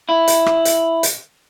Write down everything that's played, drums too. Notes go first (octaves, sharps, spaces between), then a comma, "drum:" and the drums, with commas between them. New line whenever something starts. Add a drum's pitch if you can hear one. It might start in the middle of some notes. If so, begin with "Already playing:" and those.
E4
drum: hi-hat
drum: rim click
drum: hi-hat
drum: hi-hat